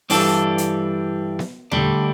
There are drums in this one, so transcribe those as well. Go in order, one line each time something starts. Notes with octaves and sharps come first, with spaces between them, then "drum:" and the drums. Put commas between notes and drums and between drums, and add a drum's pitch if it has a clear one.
G2 E3 G3 D4 A4, drum: open hi-hat
drum: hi-hat
drum: snare B3
D2 D3 G3 D4, drum: tom